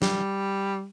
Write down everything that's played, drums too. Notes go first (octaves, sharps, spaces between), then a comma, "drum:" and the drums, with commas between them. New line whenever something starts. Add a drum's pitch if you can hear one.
G3, drum: snare